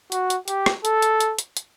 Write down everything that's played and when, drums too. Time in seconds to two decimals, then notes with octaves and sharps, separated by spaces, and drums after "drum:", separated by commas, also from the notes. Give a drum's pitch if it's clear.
0.12 F#4, drum: hi-hat
0.30 drum: hi-hat
0.48 G4, drum: hi-hat
0.66 drum: rim click
0.85 A4, drum: hi-hat
1.02 drum: hi-hat
1.20 drum: hi-hat
1.39 drum: hi-hat
1.57 drum: hi-hat